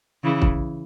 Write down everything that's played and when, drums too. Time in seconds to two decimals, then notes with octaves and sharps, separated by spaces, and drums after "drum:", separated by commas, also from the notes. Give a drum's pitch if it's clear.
0.23 C#3 E3
0.42 drum: kick